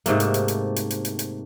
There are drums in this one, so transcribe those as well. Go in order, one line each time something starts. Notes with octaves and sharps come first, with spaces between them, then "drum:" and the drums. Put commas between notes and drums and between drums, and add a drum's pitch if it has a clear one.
G#2 C3 A3 A#3, drum: hi-hat
drum: hi-hat
drum: hi-hat
drum: hi-hat
drum: hi-hat
drum: hi-hat
drum: hi-hat
drum: hi-hat